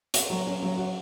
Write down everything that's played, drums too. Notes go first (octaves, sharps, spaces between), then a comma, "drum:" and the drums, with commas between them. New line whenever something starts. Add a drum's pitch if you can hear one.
F#4, drum: hi-hat
F#3
C#4
F#3
F#4